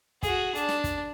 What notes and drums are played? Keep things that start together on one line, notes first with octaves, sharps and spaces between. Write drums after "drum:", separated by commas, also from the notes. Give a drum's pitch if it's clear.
F#4 G#4, drum: kick, hi-hat
D4, drum: hi-hat
drum: snare
drum: kick, hi-hat